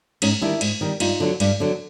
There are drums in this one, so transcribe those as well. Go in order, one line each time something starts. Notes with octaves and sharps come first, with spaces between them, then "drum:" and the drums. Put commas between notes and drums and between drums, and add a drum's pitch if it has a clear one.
G#2 C#4 D#4, drum: cymbal
D#3 G3 D4 E4
G#2, drum: cymbal
D#3 G3
G2 D#4 F4, drum: cymbal
D3 F#3
G2, drum: cymbal
D3 F#3